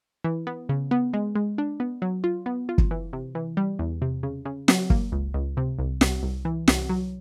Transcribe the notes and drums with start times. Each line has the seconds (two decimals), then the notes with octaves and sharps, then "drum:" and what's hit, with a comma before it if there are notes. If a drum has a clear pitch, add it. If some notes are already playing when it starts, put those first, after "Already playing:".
0.24 E3
0.47 B3
0.69 C#3
0.91 B3
1.14 G#3
1.35 G#3
1.58 D4
1.80 B3
2.02 F#3
2.24 F4
2.46 B3
2.69 F4
2.78 drum: kick
2.91 E3
3.13 C3
3.35 E3
3.57 G3
3.79 E2
4.02 C3
4.23 C#3
4.45 C#3
4.68 F#3, drum: snare
4.90 A#3, drum: kick
5.12 C#2
5.34 C#2
5.57 C3
5.79 C2
6.01 C2, drum: snare
6.23 C2
6.45 E3
6.68 C2, drum: snare
6.89 F#3